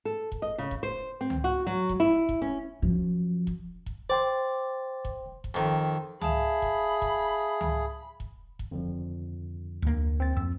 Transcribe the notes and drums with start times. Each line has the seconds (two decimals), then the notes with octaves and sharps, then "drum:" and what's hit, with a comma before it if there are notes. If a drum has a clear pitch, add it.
0.05 A4
0.32 drum: kick E1
0.42 D#5
0.58 C#3
0.71 drum: kick E1
0.83 C5
1.21 C4
1.30 drum: tom C#2
1.44 F#4
1.67 F#3
1.89 drum: kick E1
2.00 E4
2.29 drum: kick E1
2.42 C#4
2.82 F#2 F3
3.47 drum: kick E1
3.86 drum: kick E1
4.10 C5 D5 G5 C6
5.05 drum: kick E1
5.44 drum: kick E1
5.54 F2 D#3
6.21 G#4 E5 F5 A5 B5, drum: tom C#2
6.62 drum: kick E1
7.02 drum: kick E1
7.61 drum: tom C#2
8.20 drum: kick E1
8.59 drum: kick E1
8.71 F2 D3 F3
9.82 D2 A#3
10.20 C4 A6
10.37 F2 E6